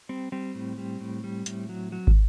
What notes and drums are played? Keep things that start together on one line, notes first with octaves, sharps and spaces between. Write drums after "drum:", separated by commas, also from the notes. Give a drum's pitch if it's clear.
G3 C4
G3 C4
A2
G3
A2
G3
A2, drum: hi-hat
F#3
F#3
drum: kick